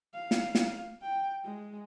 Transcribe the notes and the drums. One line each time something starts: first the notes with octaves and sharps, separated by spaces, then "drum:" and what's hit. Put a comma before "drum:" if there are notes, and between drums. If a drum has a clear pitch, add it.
F5
drum: snare
drum: snare
G5
G#3